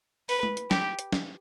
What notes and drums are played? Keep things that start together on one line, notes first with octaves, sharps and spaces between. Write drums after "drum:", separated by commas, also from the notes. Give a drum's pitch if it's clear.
B4, drum: open hi-hat
drum: tom
drum: hi-hat
G4, drum: snare
drum: hi-hat
drum: snare